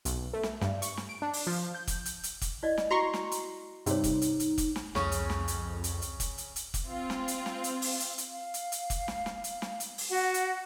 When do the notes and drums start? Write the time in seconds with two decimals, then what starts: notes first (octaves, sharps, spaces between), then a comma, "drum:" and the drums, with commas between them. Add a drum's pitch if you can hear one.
0.05 B1, drum: hi-hat
0.33 A3
0.43 drum: snare
0.61 G2, drum: snare
0.82 C#6, drum: hi-hat
0.97 drum: snare
1.09 D7
1.22 D4
1.33 drum: open hi-hat
1.47 F3
1.75 G6
1.87 drum: kick, hi-hat
2.05 drum: hi-hat
2.23 drum: hi-hat
2.42 drum: kick, hi-hat
2.63 E4 D5 D#5
2.78 drum: snare
2.91 F#4 A#5 C6 C#6
3.14 drum: snare
3.32 drum: hi-hat
3.86 G2 C3 D#4 G#4 C#5, drum: hi-hat
4.04 drum: kick, hi-hat
4.22 drum: hi-hat
4.40 drum: hi-hat
4.58 drum: kick, hi-hat
4.76 drum: snare
4.95 C2 F2 C#3 C4 C#4, drum: snare
5.12 drum: hi-hat
5.30 drum: snare
5.48 drum: hi-hat
5.84 drum: hi-hat
6.02 drum: hi-hat
6.20 drum: kick, hi-hat
6.38 drum: hi-hat
6.56 drum: hi-hat
6.74 drum: kick, hi-hat
6.86 C4 F4
7.10 drum: snare
7.28 drum: hi-hat
7.46 drum: snare
7.64 drum: hi-hat
7.82 drum: open hi-hat
8.00 drum: hi-hat
8.18 drum: hi-hat
8.30 F5
8.54 drum: hi-hat
8.72 drum: hi-hat
8.90 drum: kick, hi-hat
9.08 drum: snare
9.26 drum: snare
9.44 drum: hi-hat
9.62 drum: snare
9.80 drum: hi-hat
9.98 drum: open hi-hat
10.10 F#4 F#5
10.34 drum: hi-hat